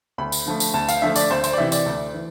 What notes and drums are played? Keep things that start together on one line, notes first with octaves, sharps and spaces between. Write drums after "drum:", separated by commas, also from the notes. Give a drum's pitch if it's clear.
D2 B5
drum: tambourine
D3 F3 A3
drum: tambourine
D2 A5
F5, drum: tambourine
D3 F3 A3 E5
D5, drum: tambourine
D2 C5
C5, drum: tambourine
D5
C3 E3 E5
D5, drum: tambourine
D2
E3